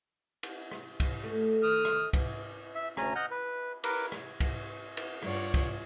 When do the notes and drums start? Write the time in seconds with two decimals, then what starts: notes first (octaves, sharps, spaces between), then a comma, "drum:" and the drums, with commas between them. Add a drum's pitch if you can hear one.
0.43 drum: cymbal
0.71 drum: rim click
1.00 drum: kick, cymbal
1.24 A3
1.64 D#6 F6
1.85 drum: rim click
2.13 drum: kick, cymbal
2.75 E5
2.97 D2 C#4 G#5 A#5, drum: rim click
3.15 D#5 F#5 F6 G6
3.31 B4
3.84 A#4 B4 D6, drum: cymbal
4.12 drum: rim click
4.40 drum: kick, cymbal
4.97 drum: cymbal
5.23 G2 F4 C#5 D5 F#5, drum: rim click
5.54 drum: kick, cymbal